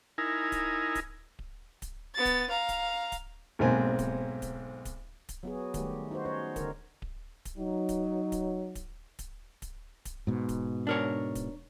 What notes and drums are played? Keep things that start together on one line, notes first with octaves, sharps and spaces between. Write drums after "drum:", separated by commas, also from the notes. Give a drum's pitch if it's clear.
D#4 E4 A#4 G#5
drum: kick D1, hi-hat
drum: kick D1, hi-hat
drum: kick D1
drum: kick D1, hi-hat
B3 A6
drum: kick D1, hi-hat
F5 A#5
drum: kick D1, hi-hat
drum: kick D1, hi-hat
B1 G#2 A#3 C4 G#5
drum: kick D1, hi-hat
drum: kick D1, hi-hat
drum: kick D1, hi-hat
drum: kick D1, hi-hat
F#3 B3 F#4 G#4
D#3 G3 A3 G4, drum: kick D1, hi-hat
D#4 F#4 C5
C#4 C5 C#5
D3 D#4 A#4, drum: kick D1, hi-hat
drum: kick D1
drum: kick D1, hi-hat
F#3 D#4
drum: kick D1, hi-hat
drum: kick D1, hi-hat
drum: kick D1, hi-hat
drum: kick D1, hi-hat
drum: kick D1, hi-hat
drum: kick D1, hi-hat
G#2 B2
drum: kick D1, hi-hat
D4 A#4 C#5
drum: kick D1, hi-hat